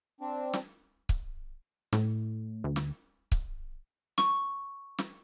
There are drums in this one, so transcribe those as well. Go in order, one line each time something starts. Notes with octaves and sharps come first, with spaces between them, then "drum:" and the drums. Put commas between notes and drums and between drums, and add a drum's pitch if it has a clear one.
C4 D4
drum: snare
drum: kick C#1
A2, drum: snare
D2
drum: snare
drum: kick C#1
C#6, drum: snare
drum: snare